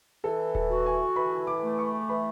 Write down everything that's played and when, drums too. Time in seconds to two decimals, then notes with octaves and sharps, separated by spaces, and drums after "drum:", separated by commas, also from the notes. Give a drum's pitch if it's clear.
0.24 E3 A4
0.55 A4, drum: kick D#1
0.70 F#4
0.86 G#5
1.16 E3 B5
1.47 D6
1.63 A3
1.78 C#6
2.09 E3 B5